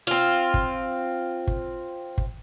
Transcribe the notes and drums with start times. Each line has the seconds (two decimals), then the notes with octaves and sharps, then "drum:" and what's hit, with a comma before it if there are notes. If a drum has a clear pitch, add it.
0.07 C4 F4
0.54 drum: kick G1
1.47 drum: kick G1
2.18 drum: kick G1